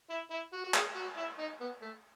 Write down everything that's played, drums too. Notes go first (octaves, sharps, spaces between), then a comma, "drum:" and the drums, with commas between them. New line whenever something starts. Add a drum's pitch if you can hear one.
E4
E4
F#4
F#4
G#4, drum: clap
F#4
E4
D#4
B3
A3